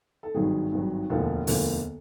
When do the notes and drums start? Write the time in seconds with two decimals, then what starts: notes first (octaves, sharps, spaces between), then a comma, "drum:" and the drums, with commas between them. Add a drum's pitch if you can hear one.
0.23 A4
0.34 G#1 G2 D#3 F#3 G#4
0.72 G#1 G2 D#3 F#3
1.09 E1 D2 D3 F3 A#3 A4
1.47 E1 D2 D3 F3 A#3, drum: open hi-hat